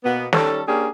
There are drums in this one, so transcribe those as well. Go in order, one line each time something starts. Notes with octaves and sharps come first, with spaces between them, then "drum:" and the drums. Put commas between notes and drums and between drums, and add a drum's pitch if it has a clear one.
B2 A#3 B3
D#3 G3 C#4 A4, drum: snare
A#3 C#4 D4 G4 G#4